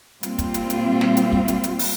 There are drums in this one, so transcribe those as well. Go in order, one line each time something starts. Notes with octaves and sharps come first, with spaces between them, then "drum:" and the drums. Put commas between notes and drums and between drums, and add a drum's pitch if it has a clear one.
A#2 G3 C4 F4, drum: hi-hat
drum: kick, hi-hat
drum: hi-hat
drum: hi-hat
drum: snare
drum: hi-hat
drum: kick
drum: hi-hat
drum: hi-hat
drum: open hi-hat